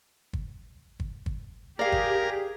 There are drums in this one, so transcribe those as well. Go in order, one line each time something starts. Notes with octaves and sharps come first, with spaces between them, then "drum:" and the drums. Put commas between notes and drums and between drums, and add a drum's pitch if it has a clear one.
drum: kick
drum: kick
drum: kick
G4 G#4 A#4 D5 F5
drum: kick